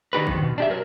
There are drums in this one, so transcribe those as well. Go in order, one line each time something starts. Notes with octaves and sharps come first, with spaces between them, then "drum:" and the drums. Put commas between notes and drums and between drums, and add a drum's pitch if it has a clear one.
D#3 D#4 G4 B4
F2 B2 D#3, drum: kick G#1
B2
D4 G4 E5
F#3 A#4